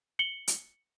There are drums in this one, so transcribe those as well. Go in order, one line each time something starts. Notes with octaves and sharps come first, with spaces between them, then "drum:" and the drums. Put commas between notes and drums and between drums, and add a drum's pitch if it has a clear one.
C#7 F#7 G7
drum: hi-hat